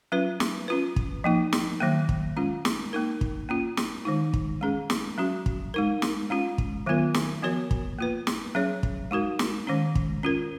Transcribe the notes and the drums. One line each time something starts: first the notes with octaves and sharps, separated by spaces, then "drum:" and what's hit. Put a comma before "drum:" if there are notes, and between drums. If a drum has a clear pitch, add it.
F#3 C#4 F4 B4
drum: snare
C#4 F4 B4
drum: kick
F3 A#3 D#4
drum: snare
D#3 F#3 A#3
drum: kick
G#3 C#4 F4
drum: snare
A#3 D#4 A#4
drum: kick
A#3 C#4 F4
drum: snare
D#3 G#3 D#4
drum: kick
G#3 C#4 G#4
drum: snare
F#3 C#4 F#4
drum: kick
G#3 D#4 A#4
drum: snare
G#3 C#4 F4
drum: kick
D#3 F#3 B3 F4 A#4
drum: snare
F3 B3 F#4 A#4 C#5
drum: kick
A#3 F4 B4
drum: snare
F#3 C#4 G#4 C#5
drum: kick
G#3 D#4 F#4 A#4
drum: snare
D#3 G#3 C#4
drum: kick
C#4 F4 A#4